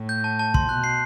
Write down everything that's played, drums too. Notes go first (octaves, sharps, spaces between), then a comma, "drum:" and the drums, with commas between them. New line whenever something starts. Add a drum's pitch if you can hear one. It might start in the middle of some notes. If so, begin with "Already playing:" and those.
Already playing: A2
G6
A5
A5
C6, drum: kick
B2 F#6
C7